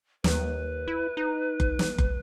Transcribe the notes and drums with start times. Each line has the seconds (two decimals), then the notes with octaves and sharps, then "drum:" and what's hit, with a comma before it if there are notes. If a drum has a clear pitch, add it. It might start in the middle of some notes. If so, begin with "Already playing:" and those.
0.24 D#2 B4, drum: snare
0.88 E4
1.17 D#4
1.60 drum: kick F#1
1.79 drum: snare
1.98 drum: kick F#1